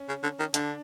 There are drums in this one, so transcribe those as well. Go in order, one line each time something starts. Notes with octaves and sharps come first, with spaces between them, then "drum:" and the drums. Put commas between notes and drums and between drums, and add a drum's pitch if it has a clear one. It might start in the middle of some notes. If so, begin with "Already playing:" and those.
Already playing: C#4
C#3
D3
D#3
D3 D4, drum: hi-hat